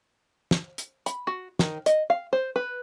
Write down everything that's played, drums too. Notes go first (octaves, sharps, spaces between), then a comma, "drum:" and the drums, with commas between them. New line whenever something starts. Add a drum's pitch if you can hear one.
drum: snare
drum: hi-hat
B5, drum: hi-hat
F#4
D#3, drum: snare
D#5, drum: hi-hat
F5
C5
B4